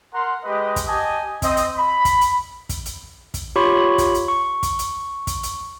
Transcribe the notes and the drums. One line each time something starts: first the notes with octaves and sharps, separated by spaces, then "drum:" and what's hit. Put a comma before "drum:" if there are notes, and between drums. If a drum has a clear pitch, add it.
A#4 F#5 A#5 C6
G#3 G4 B4 D#5
drum: kick, hi-hat
G4 D#5 G#5 A5 D#6
C4 D#5, drum: kick, hi-hat
drum: hi-hat
B5
drum: kick, hi-hat
drum: hi-hat
drum: kick, hi-hat
drum: hi-hat
drum: kick, hi-hat
F4 G4 C#5 B5 C#6
drum: kick, hi-hat
drum: hi-hat
C#6
drum: kick, hi-hat
drum: hi-hat
drum: kick, hi-hat
drum: hi-hat